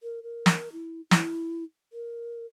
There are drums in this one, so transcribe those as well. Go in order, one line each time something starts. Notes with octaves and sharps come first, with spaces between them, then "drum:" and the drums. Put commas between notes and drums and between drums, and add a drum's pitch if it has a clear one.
A#4
A#4
drum: snare
E4
E4, drum: snare
A#4